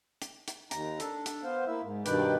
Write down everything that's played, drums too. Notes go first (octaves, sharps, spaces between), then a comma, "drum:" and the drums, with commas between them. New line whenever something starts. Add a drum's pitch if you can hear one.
drum: hi-hat
drum: hi-hat
D#2 A#5, drum: hi-hat
D4 A4, drum: hi-hat
drum: hi-hat
B3 C5 F5
A#3 E4 E5
G#2
G2 B2 D#3 B4 D5 G5, drum: hi-hat